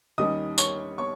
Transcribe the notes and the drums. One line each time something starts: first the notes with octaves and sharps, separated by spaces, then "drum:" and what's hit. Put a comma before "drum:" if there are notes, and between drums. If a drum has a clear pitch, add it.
D#2 D#3 G3 C#4 D#5 D#6
C#5 C#6, drum: tambourine
C#5 C#6